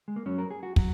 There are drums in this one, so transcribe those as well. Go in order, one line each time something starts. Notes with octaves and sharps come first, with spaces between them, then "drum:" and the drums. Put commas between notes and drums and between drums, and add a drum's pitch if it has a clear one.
G#3
A#3
F#2 F#3 C#4
A#4
G#4
F#4
F#3 F#4, drum: kick